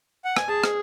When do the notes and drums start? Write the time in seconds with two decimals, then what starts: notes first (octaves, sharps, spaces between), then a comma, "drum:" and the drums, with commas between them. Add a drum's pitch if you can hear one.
0.25 F#5
0.37 G#5, drum: rim click
0.48 G#4 A5
0.64 drum: rim click